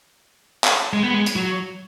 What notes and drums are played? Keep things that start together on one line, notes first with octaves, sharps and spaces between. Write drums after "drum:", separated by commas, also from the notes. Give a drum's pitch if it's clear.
drum: clap
G#3
B3
G#3
drum: hi-hat
F#3